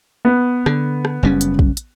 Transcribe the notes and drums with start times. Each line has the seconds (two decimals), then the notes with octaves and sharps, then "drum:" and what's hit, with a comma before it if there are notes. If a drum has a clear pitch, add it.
0.25 B3
0.66 D3, drum: rim click
1.05 drum: rim click
1.23 F#1 G3 C#4
1.41 drum: hi-hat
1.59 drum: kick
1.77 drum: hi-hat